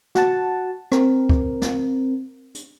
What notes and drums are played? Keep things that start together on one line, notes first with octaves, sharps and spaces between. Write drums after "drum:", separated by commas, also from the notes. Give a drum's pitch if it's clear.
F#4 F#5 A5, drum: snare
C4 A#4, drum: rim click
drum: kick C#2
drum: snare
drum: hi-hat